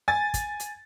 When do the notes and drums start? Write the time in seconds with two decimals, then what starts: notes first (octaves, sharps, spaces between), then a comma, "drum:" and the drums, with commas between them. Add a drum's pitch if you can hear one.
0.08 G#5 A6
0.34 drum: kick, hi-hat
0.60 drum: hi-hat